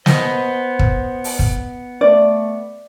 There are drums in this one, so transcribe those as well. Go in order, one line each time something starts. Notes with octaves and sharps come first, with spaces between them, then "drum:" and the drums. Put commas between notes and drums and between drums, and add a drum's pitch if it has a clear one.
B3 C5 D#5, drum: snare
drum: kick
drum: open hi-hat
drum: kick
A3 D5